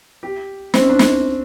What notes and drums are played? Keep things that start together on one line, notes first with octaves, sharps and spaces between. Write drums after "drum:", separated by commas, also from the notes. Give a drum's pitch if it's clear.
G4
C4, drum: snare
C#4
D4
drum: snare